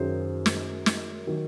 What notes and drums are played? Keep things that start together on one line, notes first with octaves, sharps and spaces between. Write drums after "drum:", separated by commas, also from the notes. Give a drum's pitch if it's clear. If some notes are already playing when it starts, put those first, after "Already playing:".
Already playing: F#2 D#3 F#3 G#4 C5
drum: snare
drum: snare
D#3 F#3